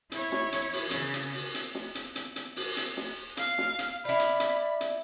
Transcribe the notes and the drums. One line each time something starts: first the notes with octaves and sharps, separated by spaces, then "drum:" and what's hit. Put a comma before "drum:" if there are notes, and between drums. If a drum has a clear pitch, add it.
E4 C#5, drum: hi-hat
drum: snare
drum: hi-hat
drum: open hi-hat
C#3, drum: hi-hat
drum: hi-hat
drum: open hi-hat
drum: hi-hat
drum: snare
drum: hi-hat
drum: hi-hat
drum: hi-hat
drum: open hi-hat
drum: hi-hat
drum: snare
F5, drum: hi-hat
drum: snare
drum: hi-hat
E4 D5 F5 B5
drum: hi-hat
drum: hi-hat
drum: hi-hat